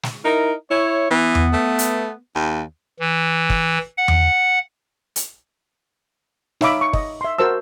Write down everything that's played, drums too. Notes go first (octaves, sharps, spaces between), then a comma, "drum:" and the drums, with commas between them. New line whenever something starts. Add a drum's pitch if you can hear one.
drum: snare
D#4 E4 A#4
E4 C#5
E3 B3
drum: tom E2
A3
drum: hi-hat
D#2
E3
drum: kick
F#5
drum: tom E2
drum: hi-hat
D#4 C#5 E5 F5 B5 D6, drum: snare
C#6
D#5, drum: kick
E5 C6
F#4 A#4 C5 A5 E6